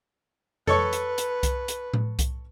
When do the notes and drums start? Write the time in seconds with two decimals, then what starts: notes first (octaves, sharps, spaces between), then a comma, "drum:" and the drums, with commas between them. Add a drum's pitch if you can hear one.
0.67 A4 B4 C#5 C#6, drum: tom F2
0.93 drum: hi-hat
1.18 drum: hi-hat
1.43 drum: kick C2, hi-hat
1.68 drum: hi-hat
1.94 drum: tom A2
2.19 drum: kick C2, hi-hat